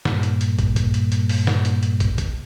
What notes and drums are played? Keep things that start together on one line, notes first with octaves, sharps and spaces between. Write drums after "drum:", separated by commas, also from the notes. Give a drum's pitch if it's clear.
G2 A#2, drum: snare
drum: hi-hat
drum: hi-hat
drum: kick, hi-hat
drum: kick, hi-hat
drum: hi-hat
drum: hi-hat
drum: open hi-hat
drum: snare
drum: hi-hat
drum: hi-hat
drum: kick, hi-hat
drum: kick, hi-hat